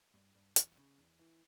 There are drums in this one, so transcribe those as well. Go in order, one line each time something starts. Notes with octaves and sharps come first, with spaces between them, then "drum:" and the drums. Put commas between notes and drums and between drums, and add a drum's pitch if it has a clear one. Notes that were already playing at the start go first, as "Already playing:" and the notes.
G2
G2
E2, drum: hi-hat
C#3
E2
E3